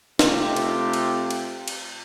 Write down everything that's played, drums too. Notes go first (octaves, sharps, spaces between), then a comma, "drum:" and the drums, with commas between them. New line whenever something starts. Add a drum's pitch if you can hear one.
C3 A3 C4 F4 G4, drum: snare
drum: cymbal
drum: cymbal
drum: cymbal
drum: cymbal